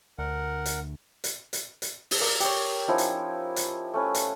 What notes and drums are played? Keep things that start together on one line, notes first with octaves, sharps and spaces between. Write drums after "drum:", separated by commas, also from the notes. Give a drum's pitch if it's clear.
D2 A#4 F#5
drum: hi-hat
drum: hi-hat
drum: hi-hat
drum: hi-hat
drum: open hi-hat
A#4 D5 F5
G4 C#5, drum: hi-hat
F3 C#4 D#4 E4
drum: hi-hat
drum: hi-hat
A3 C#4 B4
drum: hi-hat